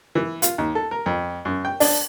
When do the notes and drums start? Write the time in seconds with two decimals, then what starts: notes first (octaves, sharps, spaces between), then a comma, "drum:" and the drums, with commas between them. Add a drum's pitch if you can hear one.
0.15 E3
0.42 F4, drum: hi-hat
0.58 D#2
0.75 A4
0.91 A#4
1.06 F2
1.45 F#2
1.65 G5
1.80 D4, drum: open hi-hat